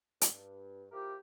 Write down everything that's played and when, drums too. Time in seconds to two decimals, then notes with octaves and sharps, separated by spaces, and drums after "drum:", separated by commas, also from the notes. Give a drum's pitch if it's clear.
0.21 G2, drum: hi-hat
0.92 F3 E4 G4 A#4